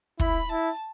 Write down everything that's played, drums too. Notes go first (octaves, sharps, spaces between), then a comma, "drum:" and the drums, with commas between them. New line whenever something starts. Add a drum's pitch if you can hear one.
E4 B5, drum: kick
E4 A5